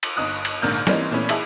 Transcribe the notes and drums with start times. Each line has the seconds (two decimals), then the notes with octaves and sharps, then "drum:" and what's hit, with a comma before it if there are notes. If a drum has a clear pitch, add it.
0.03 drum: cymbal
0.17 G1 D#4 D#6 F#6
0.45 drum: cymbal
0.62 A#1 G#2 D3 A#3 F6 G6
0.87 E3 G3 A#3 C4 C#4 D#4, drum: snare
1.11 A#2 E3 A3 B3 C#4 E4
1.29 D#4 E4 G#4 E5 A5, drum: cymbal